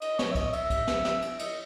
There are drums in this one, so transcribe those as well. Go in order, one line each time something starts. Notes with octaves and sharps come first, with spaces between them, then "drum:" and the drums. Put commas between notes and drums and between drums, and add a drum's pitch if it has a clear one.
D#5, drum: cymbal
C#5, drum: snare
E5
D#5, drum: kick C2, cymbal
E5, drum: cymbal
drum: kick C2, cymbal
drum: snare
drum: snare
drum: cymbal
D#5, drum: cymbal